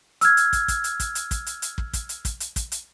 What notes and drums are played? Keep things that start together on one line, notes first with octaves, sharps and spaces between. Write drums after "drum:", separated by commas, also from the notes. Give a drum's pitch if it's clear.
E6 F6 G#6, drum: hi-hat
drum: hi-hat
drum: kick, hi-hat
drum: kick, hi-hat
drum: hi-hat
drum: kick, hi-hat
drum: hi-hat
drum: kick, hi-hat
drum: hi-hat
drum: hi-hat
drum: kick
drum: kick, hi-hat
drum: hi-hat
drum: kick, hi-hat
drum: hi-hat
drum: kick, hi-hat
drum: hi-hat